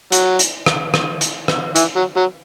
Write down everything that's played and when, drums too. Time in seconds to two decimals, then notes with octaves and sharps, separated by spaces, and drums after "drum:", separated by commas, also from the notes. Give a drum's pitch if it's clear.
0.12 F#3, drum: hi-hat
0.39 drum: hi-hat
0.66 drum: rim click
0.94 drum: rim click
1.21 drum: hi-hat
1.48 drum: rim click
1.76 E3, drum: hi-hat
1.96 F#3
2.17 F#3